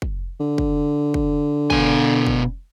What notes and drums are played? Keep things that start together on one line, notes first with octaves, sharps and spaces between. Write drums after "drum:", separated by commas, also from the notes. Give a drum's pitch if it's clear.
drum: kick
D3
drum: kick
drum: kick
B2 G#5, drum: kick
drum: kick